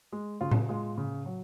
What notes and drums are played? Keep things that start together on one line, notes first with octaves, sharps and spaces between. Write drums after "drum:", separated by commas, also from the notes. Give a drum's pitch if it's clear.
G#3
C#3 F4
drum: tom A2
G#3 F4
C#3
F#3